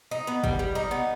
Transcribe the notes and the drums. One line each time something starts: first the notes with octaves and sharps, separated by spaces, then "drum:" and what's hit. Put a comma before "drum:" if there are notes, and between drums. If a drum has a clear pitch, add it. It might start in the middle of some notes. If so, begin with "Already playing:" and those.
D#4
B3
G3, drum: kick
G3
D#4
B3